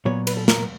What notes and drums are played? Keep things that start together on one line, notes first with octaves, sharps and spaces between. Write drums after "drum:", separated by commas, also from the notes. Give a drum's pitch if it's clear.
A#2 F#3 B3 C#5
B4, drum: cymbal
A4
A#4, drum: snare